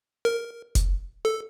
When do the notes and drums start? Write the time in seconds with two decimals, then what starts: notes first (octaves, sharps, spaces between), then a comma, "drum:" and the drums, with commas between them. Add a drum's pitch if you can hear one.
0.25 A#4
0.75 drum: kick F1, hi-hat
1.25 A4